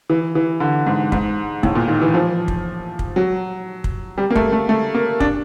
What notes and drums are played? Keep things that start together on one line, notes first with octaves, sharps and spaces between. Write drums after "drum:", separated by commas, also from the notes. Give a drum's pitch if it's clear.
E3
E3
D3
G#2
G#2, drum: kick
A2, drum: kick
A#2
D#3
E3
F3
drum: kick
drum: kick
F#3
drum: kick
G3
A#3
A3, drum: kick
A3
A3
A#3
D4, drum: kick